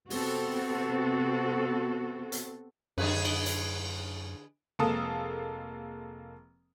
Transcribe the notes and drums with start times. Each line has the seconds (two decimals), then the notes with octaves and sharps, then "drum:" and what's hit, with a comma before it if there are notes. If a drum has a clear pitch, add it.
0.10 C3 B3 C4 F#4 A4, drum: open hi-hat
2.32 drum: hi-hat
2.98 F#2 D3 G#4 B4, drum: cymbal
3.25 drum: cymbal
3.46 drum: hi-hat
4.79 F1 G#3 A#3 A4 D#6 E7